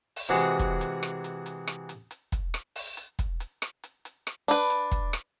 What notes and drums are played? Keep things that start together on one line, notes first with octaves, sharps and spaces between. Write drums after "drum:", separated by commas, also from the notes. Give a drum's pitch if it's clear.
drum: open hi-hat
C3 E3 G#3 F#4 G#4
drum: kick, hi-hat
drum: hi-hat
drum: rim click
drum: hi-hat
drum: hi-hat
drum: rim click
drum: hi-hat
drum: hi-hat
drum: kick, hi-hat
drum: rim click
drum: open hi-hat
drum: hi-hat
drum: kick, hi-hat
drum: hi-hat
drum: rim click
drum: hi-hat
drum: hi-hat
drum: rim click
D4 B4, drum: hi-hat
drum: hi-hat
drum: kick, hi-hat
drum: rim click